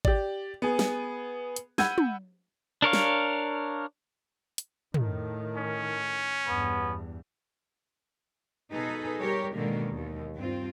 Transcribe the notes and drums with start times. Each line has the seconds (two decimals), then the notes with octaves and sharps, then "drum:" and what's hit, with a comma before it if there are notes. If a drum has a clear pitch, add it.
0.05 G4 D5, drum: kick G#1
0.62 B3 G#4
0.79 drum: snare
1.56 drum: hi-hat
1.78 F#5 B5 E6 G6 G#6 D#7, drum: snare
1.98 drum: tom
2.82 D4 A#4 C#5 F5
2.93 drum: snare
4.58 drum: hi-hat
4.94 A2 D#3, drum: tom
5.57 C#4
6.48 E2 G2 B3
8.72 B2 D#4 G#4 A4 B4
9.22 G3 G4 A#4 C#5
9.55 G#2 B2 D3 D#3 G#3 A#3
9.90 D#2
10.35 G2 C4 F4